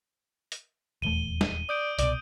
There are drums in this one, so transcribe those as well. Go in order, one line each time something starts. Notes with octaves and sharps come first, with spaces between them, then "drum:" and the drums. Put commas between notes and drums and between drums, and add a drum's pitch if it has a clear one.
drum: hi-hat
D#1 E2 A3 D#7 G7
drum: snare
D5 D#6 G6 D7
C2 B2 D5, drum: hi-hat